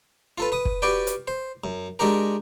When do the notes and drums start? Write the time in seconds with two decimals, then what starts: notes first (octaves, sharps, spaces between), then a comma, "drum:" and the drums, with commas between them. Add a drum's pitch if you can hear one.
0.38 F4 A4 B4
0.52 B4 D#6
0.65 drum: kick
0.82 F#4 G4 B4 D5 G5
1.07 drum: hi-hat
1.28 C5
1.64 F#2
1.99 G#3 D4 F#4 G4 A#4